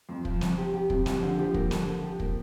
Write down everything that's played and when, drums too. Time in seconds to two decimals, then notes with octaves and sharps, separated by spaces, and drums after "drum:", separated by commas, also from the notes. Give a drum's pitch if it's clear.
0.09 F2 C4
0.25 F3, drum: kick
0.41 C3, drum: snare
0.58 G4
0.74 G4
0.90 C3 C4, drum: kick
1.06 C3 F3, drum: snare
1.22 D3 C5
1.39 F3 G4
1.54 A#3, drum: kick
1.71 D3, drum: snare
1.88 D3
2.04 G4
2.20 A#3, drum: kick